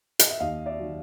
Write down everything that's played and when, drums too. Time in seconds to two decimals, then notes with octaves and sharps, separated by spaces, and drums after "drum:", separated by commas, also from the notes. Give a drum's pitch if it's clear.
0.19 D#5, drum: hi-hat
0.31 E5
0.40 D#2 D#5 F5
0.66 D5 E5
0.79 D#3 F#3